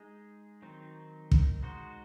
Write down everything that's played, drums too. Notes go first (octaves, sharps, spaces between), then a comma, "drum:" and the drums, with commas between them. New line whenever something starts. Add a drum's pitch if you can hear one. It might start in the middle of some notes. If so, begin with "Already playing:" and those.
Already playing: G#3 D#4 G#4
D#3 F#3 C4 D#4
drum: kick
G#3 D#4 F#4 C5